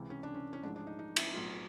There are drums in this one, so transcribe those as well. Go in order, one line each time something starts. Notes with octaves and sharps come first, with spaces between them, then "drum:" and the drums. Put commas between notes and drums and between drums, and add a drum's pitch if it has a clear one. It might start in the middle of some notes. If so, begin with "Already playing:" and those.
Already playing: C#2 C3 E3
C#4
D4
C#4
C#4
A1 G#2 F3 G#3 D4
D4
D#4
D#4
E4, drum: cymbal
B1 A2 F#3 A3 F4